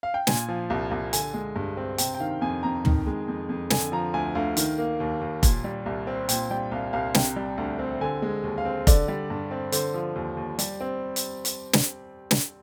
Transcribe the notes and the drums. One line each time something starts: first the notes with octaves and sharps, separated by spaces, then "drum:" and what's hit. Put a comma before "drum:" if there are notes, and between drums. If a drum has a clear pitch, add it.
F5
G5
A#2 G#5, drum: snare
F3
C2
C2
D3 G#5, drum: hi-hat
G#3
G2
C4
C3 G5, drum: hi-hat
G5
D#3 F5
F2 G#5
F2 A#5
D#3, drum: tom
G#3
F2
F2
D3 G#5, drum: snare
F3 A#5
D2 G#5
D2 F5
D#3, drum: hi-hat
A#3
D#2
D#2
A#2, drum: kick F1, hi-hat
G3
C2
C4
A#2 G5, drum: hi-hat
G3 G5
C2 F5
C2 F5
C3 G5, drum: snare
G3
D2
C4
D3 G#5
G#3
D#2
F5
C4
D3 D5, drum: kick F1, hi-hat
G3
G2
C4
D3 C5, drum: hi-hat
F3
D#2
D#2
G3, drum: hi-hat
C4
drum: hi-hat
drum: hi-hat
drum: snare
drum: snare